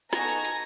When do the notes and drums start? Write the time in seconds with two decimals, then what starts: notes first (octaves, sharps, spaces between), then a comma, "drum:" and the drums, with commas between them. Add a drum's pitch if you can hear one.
0.13 B3 D#4 F#4 A4 G#5 A#5, drum: snare
0.29 drum: cymbal
0.45 drum: cymbal